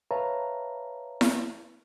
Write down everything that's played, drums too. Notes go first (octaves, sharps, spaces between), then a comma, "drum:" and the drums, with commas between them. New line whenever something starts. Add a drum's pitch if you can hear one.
B4 C#5 E5 F5 A5 A#5
drum: snare E4